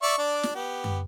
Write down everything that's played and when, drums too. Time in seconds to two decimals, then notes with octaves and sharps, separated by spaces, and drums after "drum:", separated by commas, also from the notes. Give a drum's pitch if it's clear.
0.03 D5 E5 C#6
0.18 D4 D5
0.43 drum: snare
0.55 B3 G4
0.84 drum: tom F#2